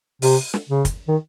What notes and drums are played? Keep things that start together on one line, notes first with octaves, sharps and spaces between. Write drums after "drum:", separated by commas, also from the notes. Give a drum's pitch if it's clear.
C3, drum: open hi-hat
drum: snare
C#3
drum: kick, hi-hat
D#3